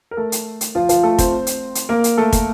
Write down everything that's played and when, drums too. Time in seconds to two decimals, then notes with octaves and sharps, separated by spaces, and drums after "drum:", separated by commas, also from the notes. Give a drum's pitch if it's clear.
0.11 A#4
0.17 A3 A4
0.32 drum: hi-hat
0.61 drum: hi-hat
0.75 F3 F4
0.89 F3 F4, drum: hi-hat
1.03 A3 A4
1.18 C4 C5, drum: kick, hi-hat
1.47 drum: hi-hat
1.75 drum: hi-hat
1.89 A#3 A#4
2.04 drum: hi-hat
2.18 A3 A4
2.33 drum: kick, hi-hat